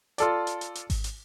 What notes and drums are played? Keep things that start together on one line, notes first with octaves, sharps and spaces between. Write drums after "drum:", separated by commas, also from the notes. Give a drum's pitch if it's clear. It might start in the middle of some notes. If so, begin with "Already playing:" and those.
F4 A4 D5, drum: hi-hat
drum: hi-hat
drum: hi-hat
drum: hi-hat
drum: kick G#1, open hi-hat
drum: hi-hat